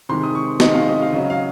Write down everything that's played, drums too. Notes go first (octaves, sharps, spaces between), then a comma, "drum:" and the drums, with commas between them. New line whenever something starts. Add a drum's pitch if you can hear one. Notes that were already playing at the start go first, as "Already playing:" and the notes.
C3 D#3 G#3 C6
D#6
C#6
C3 D#3 G#3 D#5, drum: snare
F5
D#5
F5
C#3 F#3 D#5
F5